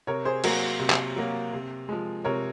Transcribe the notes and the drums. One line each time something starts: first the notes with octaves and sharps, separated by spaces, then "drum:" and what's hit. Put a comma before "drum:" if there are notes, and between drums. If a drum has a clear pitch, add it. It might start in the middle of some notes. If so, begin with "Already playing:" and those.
C3 A#4 C#5
G#4 C5
F#3 A#3 F#4 A#4, drum: cymbal
C3
drum: clap
F#3 A#3
C3
F3 G#3
C3 A#4 C#5